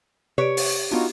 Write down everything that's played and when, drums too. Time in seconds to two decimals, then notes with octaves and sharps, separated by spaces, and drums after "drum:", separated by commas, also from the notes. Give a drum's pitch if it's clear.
0.38 C3 G4 B4 C#5 D7
0.57 drum: open hi-hat
0.92 B3 D4 D#4 F4 F#4